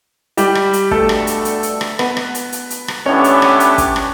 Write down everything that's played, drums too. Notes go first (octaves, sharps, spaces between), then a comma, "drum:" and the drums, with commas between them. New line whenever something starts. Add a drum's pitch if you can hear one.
G3 G4, drum: hi-hat
drum: rim click
drum: hi-hat
B2 G3 A3 D4 A4, drum: kick
drum: rim click
drum: hi-hat
drum: hi-hat
drum: hi-hat
drum: rim click
B3 B4, drum: rim click
drum: rim click
drum: hi-hat
drum: hi-hat
drum: hi-hat
drum: rim click
A2 E3 B3 C#4 D4 G4 C#5
drum: hi-hat
drum: rim click
drum: hi-hat
drum: kick, hi-hat
drum: rim click